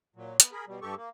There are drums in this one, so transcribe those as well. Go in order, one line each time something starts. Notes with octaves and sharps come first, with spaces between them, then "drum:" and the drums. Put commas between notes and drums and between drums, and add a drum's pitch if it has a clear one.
A#2 F#3
B3, drum: hi-hat
G#4 A#4 B5
B2 G3
G2 G4 A4 C#6
A#3